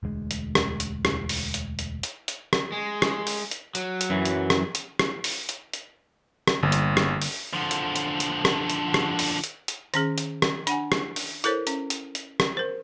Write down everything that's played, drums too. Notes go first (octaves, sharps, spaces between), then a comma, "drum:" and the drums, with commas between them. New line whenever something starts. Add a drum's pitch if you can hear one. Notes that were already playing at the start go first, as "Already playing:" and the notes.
E1 D2 G#3
drum: hi-hat
drum: rim click
drum: hi-hat
drum: rim click
drum: open hi-hat
drum: hi-hat
drum: hi-hat
drum: hi-hat
drum: hi-hat
drum: rim click
G#3
drum: rim click
drum: open hi-hat
drum: hi-hat
F#3, drum: hi-hat
drum: hi-hat
F#2 E3
drum: hi-hat
drum: rim click
drum: hi-hat
drum: rim click
drum: open hi-hat
drum: hi-hat
drum: hi-hat
drum: rim click
G1 D3 G3 A#3
drum: hi-hat
drum: rim click
drum: open hi-hat
D3 F3
drum: hi-hat
drum: hi-hat
drum: hi-hat
drum: rim click
drum: hi-hat
drum: rim click
drum: open hi-hat
drum: hi-hat
drum: hi-hat
D#3 C#4 G#4, drum: hi-hat
drum: hi-hat
drum: rim click
D4 F#5 G#5, drum: hi-hat
drum: rim click
drum: open hi-hat
E4 A4 A#4 C5 C#5, drum: hi-hat
C#4, drum: hi-hat
drum: hi-hat
drum: hi-hat
drum: rim click
A#4 C5